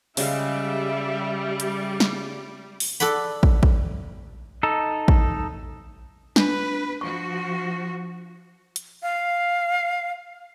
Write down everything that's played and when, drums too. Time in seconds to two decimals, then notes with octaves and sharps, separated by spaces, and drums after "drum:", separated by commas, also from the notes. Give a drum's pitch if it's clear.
0.17 C#3 G3 G#3 E5 F5, drum: open hi-hat
1.60 drum: hi-hat
2.00 drum: snare
2.80 drum: open hi-hat
3.00 A4 D5 F#5 B5, drum: tambourine
3.43 drum: kick
3.63 drum: kick
4.63 D#4 A4
5.08 drum: kick
6.36 D4 B4, drum: snare
7.01 F3 F#4 C#6
8.76 drum: hi-hat
9.03 F5